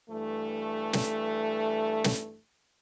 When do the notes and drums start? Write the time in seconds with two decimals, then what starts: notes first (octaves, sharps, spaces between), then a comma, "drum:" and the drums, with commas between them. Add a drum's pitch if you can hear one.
0.10 G2 E3 A3
0.93 drum: snare
2.04 drum: snare